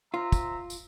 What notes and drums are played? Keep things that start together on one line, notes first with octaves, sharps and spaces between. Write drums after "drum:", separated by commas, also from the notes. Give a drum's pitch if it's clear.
F4 C5 E5 A#5
drum: kick, tambourine
drum: tambourine